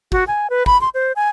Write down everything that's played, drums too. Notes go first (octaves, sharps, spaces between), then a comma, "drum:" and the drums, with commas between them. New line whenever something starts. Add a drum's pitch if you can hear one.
F#4, drum: kick
G#5
B4
B5, drum: kick
C6
C5
G#5